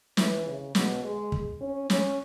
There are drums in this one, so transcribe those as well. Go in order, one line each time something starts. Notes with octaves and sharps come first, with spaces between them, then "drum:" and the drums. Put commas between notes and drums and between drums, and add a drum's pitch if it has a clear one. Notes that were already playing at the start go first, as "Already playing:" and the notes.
E3, drum: snare
C#3
B2, drum: snare
G#3
drum: kick
C#4
C#4, drum: snare